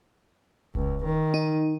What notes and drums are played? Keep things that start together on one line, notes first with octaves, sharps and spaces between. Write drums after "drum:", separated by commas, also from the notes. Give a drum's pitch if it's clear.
C#2, drum: kick D#1
D#3
D#4